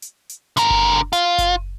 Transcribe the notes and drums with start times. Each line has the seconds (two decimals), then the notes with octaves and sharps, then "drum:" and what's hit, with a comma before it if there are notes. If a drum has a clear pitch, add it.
0.02 drum: hi-hat
0.29 drum: hi-hat
0.57 D3 A#4, drum: hi-hat
0.70 drum: kick F#1
1.13 F4, drum: hi-hat
1.38 drum: kick F#1, hi-hat